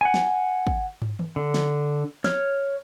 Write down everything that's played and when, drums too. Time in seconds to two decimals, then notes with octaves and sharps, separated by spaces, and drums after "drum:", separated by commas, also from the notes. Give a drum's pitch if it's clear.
0.01 F#5 G#5
0.14 drum: snare
0.67 drum: kick
1.02 drum: tom
1.19 drum: tom D#3
1.36 D3
1.54 drum: snare
2.24 C#5 F6, drum: snare